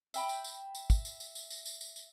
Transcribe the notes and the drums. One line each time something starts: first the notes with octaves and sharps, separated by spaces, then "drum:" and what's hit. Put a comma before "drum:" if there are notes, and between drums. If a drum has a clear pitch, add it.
E5 G5 B5, drum: tambourine
drum: tambourine
drum: tambourine
drum: tambourine
drum: kick, tambourine
drum: tambourine
drum: tambourine
drum: tambourine
drum: tambourine
drum: tambourine
drum: tambourine
drum: tambourine